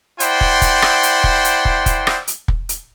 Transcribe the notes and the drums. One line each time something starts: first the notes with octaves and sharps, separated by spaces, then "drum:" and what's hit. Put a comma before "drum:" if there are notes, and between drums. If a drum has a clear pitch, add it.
E4 C5 D5 F#5 G5 C6, drum: hi-hat
drum: kick
drum: kick, hi-hat
drum: rim click
drum: hi-hat
drum: kick
drum: hi-hat
drum: kick
drum: kick, hi-hat
drum: rim click
drum: hi-hat
drum: kick
drum: hi-hat